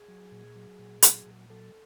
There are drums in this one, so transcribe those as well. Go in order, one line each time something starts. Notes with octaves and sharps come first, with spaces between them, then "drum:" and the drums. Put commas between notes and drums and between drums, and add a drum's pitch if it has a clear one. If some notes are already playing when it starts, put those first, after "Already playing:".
Already playing: G#4
F#3
A#2
F#3
A#2
F#3, drum: hi-hat
A#2
F#3 A4